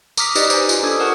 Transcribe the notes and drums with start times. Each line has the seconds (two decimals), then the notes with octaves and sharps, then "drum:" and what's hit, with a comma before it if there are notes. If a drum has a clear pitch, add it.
0.17 A#5 D6 D#6 F6 B6, drum: tambourine
0.35 D#4 G4 B4 D5 D#5, drum: tambourine
0.50 C5 G#5, drum: tambourine
0.69 F4, drum: tambourine
0.83 D4 A4 D6 D#6 G#6
1.00 A#4 B4 F#5 C#6 D#6